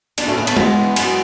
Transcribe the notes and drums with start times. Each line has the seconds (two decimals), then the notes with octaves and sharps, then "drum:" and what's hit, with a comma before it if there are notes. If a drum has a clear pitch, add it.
0.18 E2 D4 F#4, drum: cymbal
0.28 A3 C#4
0.37 C#3 G#3 B3
0.47 A3 C#4, drum: cymbal
0.57 E2 G#3 B3, drum: tom G#3
0.77 E3
0.96 F#2, drum: cymbal